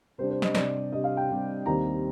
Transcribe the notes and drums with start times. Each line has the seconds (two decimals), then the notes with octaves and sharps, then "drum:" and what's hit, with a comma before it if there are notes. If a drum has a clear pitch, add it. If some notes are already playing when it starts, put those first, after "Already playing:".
0.18 C3 G3 D4 C5
0.30 C5
0.42 D#5, drum: snare
0.55 C3 G3 D4 D5, drum: snare
0.92 C3 G3 D4 D#5
1.04 F5
1.17 G5
1.30 C3 G3 D4
1.66 D#2 D#3 G3 C4 D#4 A#5